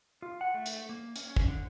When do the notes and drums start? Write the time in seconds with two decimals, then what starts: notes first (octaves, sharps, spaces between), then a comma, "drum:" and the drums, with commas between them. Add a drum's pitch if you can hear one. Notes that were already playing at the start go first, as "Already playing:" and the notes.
0.22 F4
0.41 F#5
0.54 A3
0.66 drum: hi-hat
0.89 A#3
1.16 C#4, drum: hi-hat
1.36 drum: kick
1.48 D3